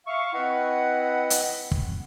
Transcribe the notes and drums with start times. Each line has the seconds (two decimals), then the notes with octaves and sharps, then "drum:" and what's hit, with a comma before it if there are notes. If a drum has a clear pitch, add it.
0.06 E5 F5 C#6
0.33 C4 E4 B4 D#5 F#5
1.30 drum: hi-hat
1.71 drum: kick